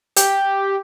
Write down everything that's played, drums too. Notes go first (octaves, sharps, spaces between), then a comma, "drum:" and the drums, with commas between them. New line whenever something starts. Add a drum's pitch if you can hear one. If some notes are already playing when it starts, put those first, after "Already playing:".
G4, drum: hi-hat